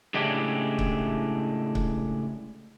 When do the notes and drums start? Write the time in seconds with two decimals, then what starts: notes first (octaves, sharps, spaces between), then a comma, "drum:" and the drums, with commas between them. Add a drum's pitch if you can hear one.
0.14 A2 C#3 G#3 D4 E4 G4
0.79 drum: kick C#1
1.75 drum: kick C#1